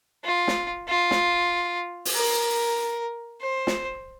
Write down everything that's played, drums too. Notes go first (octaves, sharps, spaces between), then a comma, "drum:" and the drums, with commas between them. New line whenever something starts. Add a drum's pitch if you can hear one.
F4
drum: snare
F4
drum: snare
drum: open hi-hat
A#4
C5
drum: snare